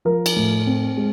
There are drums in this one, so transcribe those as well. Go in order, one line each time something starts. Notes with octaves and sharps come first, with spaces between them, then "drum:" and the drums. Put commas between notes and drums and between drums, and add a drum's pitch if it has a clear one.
F3 A#4
drum: cymbal
A2
C4
G#3